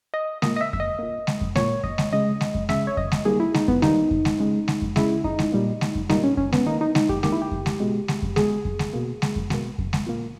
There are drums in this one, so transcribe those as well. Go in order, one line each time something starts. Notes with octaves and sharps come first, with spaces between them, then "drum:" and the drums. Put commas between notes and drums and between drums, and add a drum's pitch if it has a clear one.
D#5
A#2 A#3 D#5, drum: snare G#3
D#5
E5
E5, drum: kick F2
D#5
A#2 A#3
drum: snare G#3
drum: kick F2
A#2 A#3 C#5, drum: snare G#3
D#5, drum: kick F2
drum: snare G#3
C#3 G#3 D#5
drum: snare G#3
drum: kick F2
C#3 G#3 E5, drum: snare G#3
C#5
D#5, drum: kick F2
drum: snare G#3
D#3 G3 A#3 G#4
E4
D#4, drum: snare G#3
B3, drum: kick F2
D#3 G3 A#3 D#4, drum: snare G#3
drum: kick F2
drum: snare G#3
C#3 G#3
drum: snare G#3
drum: kick F2
C#3 G#3 E4, drum: snare G#3
D#4, drum: kick F2
drum: snare G#3
A#2 G3 A#3
drum: snare G#3
drum: kick F2
A#2 G3 A#3 D#4, drum: snare G#3
C#4
C#4, drum: kick F2
B3, drum: snare G#3
D#3 A#3 D#4
D#4
D#4, drum: snare G#3
G4, drum: kick F2
D#3 A#3 G4, drum: snare G#3
E4
G4
drum: kick F2
drum: snare G#3
B2 G#3
drum: snare G#3
drum: kick F2
B2 G#3 G#4, drum: snare G#3
drum: kick F2
drum: snare G#3
B2 A#3
drum: snare G#3
drum: kick F2
B2 A#3, drum: snare G#3
drum: kick F2
drum: snare G#3
A#2 A#3